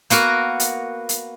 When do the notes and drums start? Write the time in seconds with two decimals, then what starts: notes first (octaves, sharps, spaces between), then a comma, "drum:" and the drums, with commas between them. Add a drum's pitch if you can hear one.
0.10 A#3 B3 F#4 A#4, drum: hi-hat
0.60 drum: hi-hat
1.09 drum: hi-hat